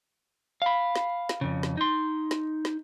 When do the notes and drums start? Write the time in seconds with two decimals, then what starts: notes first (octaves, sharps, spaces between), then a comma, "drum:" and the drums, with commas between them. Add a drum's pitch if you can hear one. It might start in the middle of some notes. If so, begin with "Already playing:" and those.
0.62 F5 B5
0.96 drum: snare
1.29 drum: snare
1.41 F2 C#3
1.63 drum: snare
1.77 D#4 C6
2.31 drum: snare
2.65 drum: snare